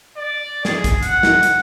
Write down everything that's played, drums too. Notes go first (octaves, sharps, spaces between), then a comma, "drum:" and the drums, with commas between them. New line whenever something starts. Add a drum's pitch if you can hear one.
D5
G#4, drum: snare
drum: kick, hi-hat
F#5, drum: hi-hat
drum: snare
drum: hi-hat